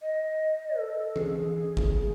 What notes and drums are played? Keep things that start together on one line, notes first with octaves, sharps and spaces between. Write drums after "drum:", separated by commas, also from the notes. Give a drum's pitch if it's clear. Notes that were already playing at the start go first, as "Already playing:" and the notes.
D#5
A4
G#4, drum: tom E3
drum: kick G1